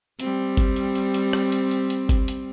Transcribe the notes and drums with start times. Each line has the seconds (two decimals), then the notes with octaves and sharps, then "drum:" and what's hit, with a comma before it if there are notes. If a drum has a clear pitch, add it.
0.19 G3 C4, drum: hi-hat
0.57 drum: kick G1, hi-hat
0.76 drum: hi-hat
0.95 drum: hi-hat
1.14 drum: hi-hat
1.33 drum: rim click
1.52 drum: hi-hat
1.71 drum: hi-hat
1.90 drum: hi-hat
2.09 drum: kick G1, hi-hat
2.28 drum: hi-hat